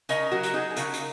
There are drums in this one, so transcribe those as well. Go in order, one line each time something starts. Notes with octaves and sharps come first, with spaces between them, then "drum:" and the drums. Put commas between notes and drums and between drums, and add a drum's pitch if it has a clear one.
C#3 A#4 D#5, drum: hi-hat
F#3 F#4 A#4
drum: hi-hat
F#3 D#4 G#4
G#4
C#3 F#4 A#4, drum: hi-hat
drum: hi-hat